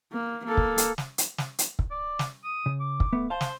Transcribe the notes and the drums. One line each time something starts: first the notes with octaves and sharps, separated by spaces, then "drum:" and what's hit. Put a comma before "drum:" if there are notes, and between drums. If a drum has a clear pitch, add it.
A#3
A#3 A4
drum: kick
drum: hi-hat
drum: snare
drum: hi-hat
drum: snare
drum: hi-hat
drum: kick
D5
drum: snare
D#6
C#3
D6
drum: kick
A3 B3
C5 F5 A5
drum: snare